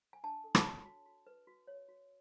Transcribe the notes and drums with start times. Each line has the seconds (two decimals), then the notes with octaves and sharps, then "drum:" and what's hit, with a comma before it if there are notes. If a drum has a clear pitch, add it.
0.13 G#5
0.23 D4 A5
0.44 A4
0.55 A5, drum: rim click
0.64 C#5
0.85 F#4
1.06 F#4
1.27 B4
1.47 F#4
1.67 C#5
1.88 F#4